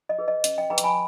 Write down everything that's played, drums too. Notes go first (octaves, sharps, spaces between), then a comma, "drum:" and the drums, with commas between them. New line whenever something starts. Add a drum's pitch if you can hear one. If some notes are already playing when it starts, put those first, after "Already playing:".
D#5
G#4 B4
D#5
C#4 D#5, drum: hi-hat
D#5 G5
G#4 B4 G5 A#5
C#6, drum: hi-hat
G#5 B5